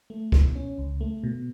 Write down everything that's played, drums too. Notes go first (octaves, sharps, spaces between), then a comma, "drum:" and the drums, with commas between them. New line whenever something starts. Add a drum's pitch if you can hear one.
A3
B2, drum: kick C#2
C#4
C#2
A3
B2